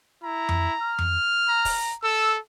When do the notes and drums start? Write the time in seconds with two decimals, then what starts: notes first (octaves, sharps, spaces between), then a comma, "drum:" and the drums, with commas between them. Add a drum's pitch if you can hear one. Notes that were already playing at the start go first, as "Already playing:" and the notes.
0.23 E4 A#5
0.49 drum: tom F2
0.83 F6
0.99 drum: tom F2
1.48 A#5
1.65 drum: kick, open hi-hat
2.03 A4 E6